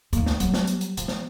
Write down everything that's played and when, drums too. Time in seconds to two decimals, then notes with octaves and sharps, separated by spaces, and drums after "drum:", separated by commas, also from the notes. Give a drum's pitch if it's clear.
0.13 D#2 A#3, drum: kick C#2, hi-hat
0.26 drum: snare
0.40 F#3 G3, drum: hi-hat
0.54 drum: snare
0.67 drum: hi-hat
0.81 drum: hi-hat
0.97 F3, drum: hi-hat
1.08 drum: snare